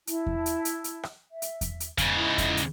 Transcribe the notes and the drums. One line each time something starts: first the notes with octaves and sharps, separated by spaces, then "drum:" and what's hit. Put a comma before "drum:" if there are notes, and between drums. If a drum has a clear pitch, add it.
E4 A5, drum: hi-hat
drum: kick E2
drum: hi-hat
drum: hi-hat
drum: hi-hat
drum: rim click
E5
drum: hi-hat
drum: kick E2, hi-hat
drum: hi-hat
G#2 C#3, drum: kick E2, hi-hat
E4 D#5 B5
drum: kick E2, hi-hat
drum: hi-hat